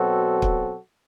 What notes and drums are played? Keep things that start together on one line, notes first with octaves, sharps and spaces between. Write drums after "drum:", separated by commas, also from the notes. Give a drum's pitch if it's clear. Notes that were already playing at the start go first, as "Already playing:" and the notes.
Already playing: B2 F#3 C4 F#4 A4
drum: kick